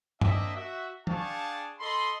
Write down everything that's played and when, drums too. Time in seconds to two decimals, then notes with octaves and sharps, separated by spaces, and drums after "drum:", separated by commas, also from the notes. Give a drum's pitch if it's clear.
0.21 A#3 C4 D4 D#5 E5, drum: tom
0.56 F#4 E5
1.07 D4 G#4 F5 G5 A5 C#6, drum: tom
1.80 A4 D#5 B5 C6